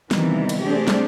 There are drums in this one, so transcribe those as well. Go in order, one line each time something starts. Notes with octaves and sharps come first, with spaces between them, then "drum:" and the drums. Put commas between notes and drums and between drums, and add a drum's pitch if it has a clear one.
C3 D#3 E3 G3 A#3 B3, drum: snare
drum: cymbal
A3 C4 D4 G4 G#4
drum: snare